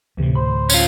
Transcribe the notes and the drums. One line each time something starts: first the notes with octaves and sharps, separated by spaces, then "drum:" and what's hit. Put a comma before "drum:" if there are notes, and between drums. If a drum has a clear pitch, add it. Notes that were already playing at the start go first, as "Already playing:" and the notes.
D2 A2 C3 E3
C5 B5
C#4 F4, drum: tambourine